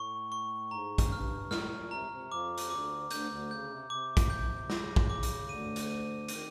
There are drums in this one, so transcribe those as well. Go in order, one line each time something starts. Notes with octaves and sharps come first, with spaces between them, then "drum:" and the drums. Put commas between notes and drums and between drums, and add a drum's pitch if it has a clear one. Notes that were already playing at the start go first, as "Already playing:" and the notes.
Already playing: A2 C#6
C#6
G#2 A#5
drum: kick, hi-hat
G2 F6
A2 F6, drum: snare
A#2
C3 A#5
C3
F2 F3 D6
drum: hi-hat
D2 D3 D6
D2 D3 G6, drum: hi-hat
D2 D3
C#3 G6
C3
C3 D6
drum: kick, hi-hat
G6
C#3 A#6, drum: snare
drum: kick
D6
drum: hi-hat
D2 D3 D#7
drum: hi-hat
D#7
D#3 D#7, drum: hi-hat